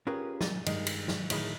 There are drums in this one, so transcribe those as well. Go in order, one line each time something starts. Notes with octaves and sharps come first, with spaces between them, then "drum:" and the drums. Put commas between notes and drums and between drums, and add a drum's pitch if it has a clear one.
C#4 F4 G4 G#4 A#4 B4
G#5 A5, drum: snare
G2 D#3 G#3, drum: cymbal
drum: cymbal
drum: snare
D2 A2 D#3 E4 G#4 B5, drum: cymbal